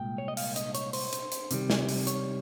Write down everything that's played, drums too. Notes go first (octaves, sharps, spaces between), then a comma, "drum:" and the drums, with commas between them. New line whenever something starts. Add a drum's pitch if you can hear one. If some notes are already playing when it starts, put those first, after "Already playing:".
Already playing: C2 A#2 G#3 G5
C#5
D#5
F5, drum: open hi-hat
D#5, drum: hi-hat
C#5, drum: hi-hat
C5, drum: open hi-hat
drum: hi-hat
drum: hi-hat
C3 D#3 G3, drum: hi-hat
drum: snare
drum: open hi-hat
C#5, drum: hi-hat